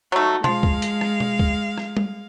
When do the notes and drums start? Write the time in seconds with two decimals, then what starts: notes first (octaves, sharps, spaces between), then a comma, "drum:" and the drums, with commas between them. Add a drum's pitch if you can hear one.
0.12 F#3 A3 D#4 F#4
0.44 F3 G#3 F5, drum: tom B2
0.63 drum: kick C#2
0.82 drum: hi-hat
1.01 drum: rim click
1.20 drum: tom B2
1.39 drum: kick C#2
1.78 drum: rim click
1.97 drum: tom G3